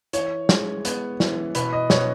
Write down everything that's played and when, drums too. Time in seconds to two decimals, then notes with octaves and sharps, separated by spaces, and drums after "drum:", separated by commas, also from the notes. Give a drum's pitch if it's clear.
0.13 E3 C#5, drum: hi-hat
0.49 G#3, drum: snare
0.85 B3, drum: hi-hat
1.20 E3, drum: snare
1.55 B2 B4, drum: hi-hat
1.73 D#5
1.90 B2 C#5, drum: snare